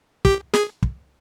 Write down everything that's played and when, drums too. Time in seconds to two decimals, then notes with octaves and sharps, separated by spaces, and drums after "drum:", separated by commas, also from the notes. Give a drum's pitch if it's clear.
0.25 G4, drum: kick
0.54 G#4, drum: snare
0.83 drum: kick